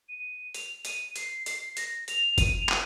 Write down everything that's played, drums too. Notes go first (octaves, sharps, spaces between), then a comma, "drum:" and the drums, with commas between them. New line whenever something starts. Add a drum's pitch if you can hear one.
D#7
F7, drum: hi-hat
D#7, drum: hi-hat
C7, drum: hi-hat
C7, drum: hi-hat
A#6, drum: hi-hat
F7, drum: hi-hat
D#7, drum: kick F#1, hi-hat
F7
D#7, drum: clap